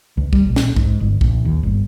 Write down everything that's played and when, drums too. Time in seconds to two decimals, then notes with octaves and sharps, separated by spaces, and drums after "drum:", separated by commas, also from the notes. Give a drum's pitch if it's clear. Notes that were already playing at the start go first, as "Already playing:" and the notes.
0.17 C#2
0.33 G3, drum: kick
0.46 A#1
0.56 drum: snare
0.76 G#2, drum: kick
1.00 G1
1.21 A#1, drum: kick
1.45 D#2
1.63 G1